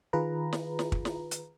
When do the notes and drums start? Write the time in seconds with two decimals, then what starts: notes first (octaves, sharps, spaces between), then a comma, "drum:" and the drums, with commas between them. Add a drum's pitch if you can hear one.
0.13 D#3 F4 G#4 B4 A#5
0.53 drum: snare
0.79 drum: snare
0.92 drum: kick
1.05 drum: snare
1.31 drum: hi-hat